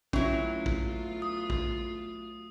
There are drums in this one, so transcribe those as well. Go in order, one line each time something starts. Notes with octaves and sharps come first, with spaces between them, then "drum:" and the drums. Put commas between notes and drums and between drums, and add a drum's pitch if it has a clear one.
F#3 A3 B3 C#4 E4 F4, drum: kick
drum: kick
D#6
drum: kick